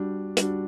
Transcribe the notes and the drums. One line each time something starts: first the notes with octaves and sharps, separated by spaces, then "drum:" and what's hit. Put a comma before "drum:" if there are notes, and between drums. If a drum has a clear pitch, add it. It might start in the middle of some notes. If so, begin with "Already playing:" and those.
Already playing: G3 D4 F#4
G3 D4 F#4, drum: hi-hat